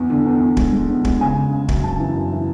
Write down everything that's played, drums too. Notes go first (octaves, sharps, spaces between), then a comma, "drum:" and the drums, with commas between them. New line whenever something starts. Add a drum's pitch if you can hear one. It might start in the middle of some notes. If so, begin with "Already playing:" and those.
Already playing: E2
D3
E2
E2
G#3, drum: kick
G#3
E2
G#3, drum: kick
C#3 G#5
C#3
C#3
F#2, drum: kick
C#3 A5
E3
F#2
E3